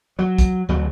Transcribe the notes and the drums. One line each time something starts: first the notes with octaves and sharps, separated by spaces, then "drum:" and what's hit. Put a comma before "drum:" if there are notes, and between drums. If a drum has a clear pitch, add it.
F#3
drum: kick, hi-hat
D2 C#3 F#3